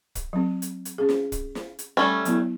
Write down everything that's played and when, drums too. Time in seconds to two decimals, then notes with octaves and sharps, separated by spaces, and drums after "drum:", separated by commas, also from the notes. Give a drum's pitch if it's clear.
0.15 drum: kick, hi-hat
0.33 F#3 C4
0.62 drum: hi-hat
0.85 drum: hi-hat
0.98 C#4 G#4
1.09 drum: snare
1.32 drum: kick, hi-hat
1.55 drum: snare
1.79 drum: hi-hat
1.97 G3 A3 C#4
2.25 F#3 B3 E4, drum: hi-hat